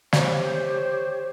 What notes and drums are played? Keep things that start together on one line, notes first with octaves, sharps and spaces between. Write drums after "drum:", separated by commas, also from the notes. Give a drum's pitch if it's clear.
G4 C5 C#5 C#6, drum: snare